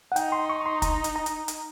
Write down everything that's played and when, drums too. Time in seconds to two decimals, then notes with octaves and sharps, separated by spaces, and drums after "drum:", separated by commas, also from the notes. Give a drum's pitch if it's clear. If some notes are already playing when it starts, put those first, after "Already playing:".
0.12 F#5
0.16 D#4 G5, drum: hi-hat
0.32 C6
0.50 C#6
0.66 C6
0.82 A#5, drum: kick, hi-hat
1.04 drum: hi-hat
1.16 A#5
1.26 drum: hi-hat
1.48 drum: hi-hat